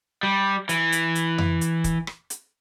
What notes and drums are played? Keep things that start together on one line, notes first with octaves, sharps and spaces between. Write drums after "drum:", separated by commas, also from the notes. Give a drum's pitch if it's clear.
G3
E3, drum: hi-hat
drum: hi-hat
drum: hi-hat
drum: tom F2
drum: hi-hat
drum: kick, hi-hat
drum: rim click
drum: hi-hat